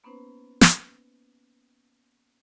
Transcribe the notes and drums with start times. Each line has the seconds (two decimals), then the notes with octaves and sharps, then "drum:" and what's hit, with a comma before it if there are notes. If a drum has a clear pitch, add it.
0.04 A#3 B3 C#4 D#4 B4 C5
0.61 drum: snare